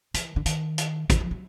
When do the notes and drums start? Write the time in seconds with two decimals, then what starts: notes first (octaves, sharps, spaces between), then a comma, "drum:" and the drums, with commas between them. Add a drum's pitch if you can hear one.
0.14 E3, drum: hi-hat
0.36 D3
0.46 D#3, drum: hi-hat
0.78 drum: hi-hat
1.10 E3, drum: kick, hi-hat
1.20 F3
1.31 F#3